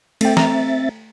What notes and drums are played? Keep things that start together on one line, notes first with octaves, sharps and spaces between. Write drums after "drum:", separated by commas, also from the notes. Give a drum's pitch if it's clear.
A3 C4 E5 G5 A6, drum: cymbal
A#5, drum: snare